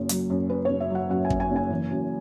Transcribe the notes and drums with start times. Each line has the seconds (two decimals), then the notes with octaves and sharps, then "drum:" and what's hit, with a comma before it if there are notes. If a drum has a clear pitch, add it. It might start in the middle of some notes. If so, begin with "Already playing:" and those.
Already playing: F#1 F#2 C#4
0.09 F#3, drum: hi-hat
0.30 F#2
0.50 C#4 B4
0.65 F#1 C#5
0.80 E5
0.90 F#3 F#5
1.10 F#2 F#5
1.25 G#5
1.30 C#4, drum: kick
1.40 G#5
1.51 F#1 G#5
1.70 E3
1.91 F#2